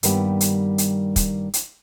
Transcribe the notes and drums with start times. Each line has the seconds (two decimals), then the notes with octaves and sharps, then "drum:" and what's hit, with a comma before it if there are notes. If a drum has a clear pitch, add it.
0.03 G2 D#3 G3 A#3 B3 G5, drum: hi-hat
0.41 drum: hi-hat
0.78 drum: hi-hat
1.16 drum: kick, hi-hat
1.54 drum: hi-hat